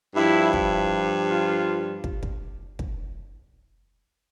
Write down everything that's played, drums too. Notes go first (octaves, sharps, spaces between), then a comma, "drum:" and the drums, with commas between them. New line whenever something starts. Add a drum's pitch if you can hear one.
G2 F3 E4
drum: kick
F4
drum: kick
drum: kick
drum: kick